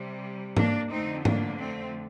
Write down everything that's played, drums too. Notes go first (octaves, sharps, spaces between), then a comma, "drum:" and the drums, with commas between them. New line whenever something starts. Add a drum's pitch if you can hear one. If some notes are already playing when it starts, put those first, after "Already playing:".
Already playing: C3 G3
A#3 D4, drum: tom G#2
F2 D3 F3 A3 C4 D#4
A#3 D4, drum: tom G#2
A3 C4